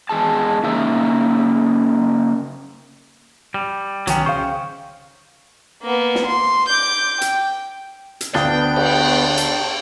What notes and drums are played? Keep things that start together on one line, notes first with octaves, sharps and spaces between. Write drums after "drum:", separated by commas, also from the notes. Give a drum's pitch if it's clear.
E2 G#3 G#4 A5
C#3 A#3 D#4 E5
G3
C2 D#3 F#3 B3 C#4 G5, drum: hi-hat
C#3 C5 F5 C#6
A#3 B3
drum: snare
C6
D6 G6
G5, drum: hi-hat
drum: hi-hat
D2 B3 D4 F5 G5 D#6, drum: snare
drum: cymbal
drum: hi-hat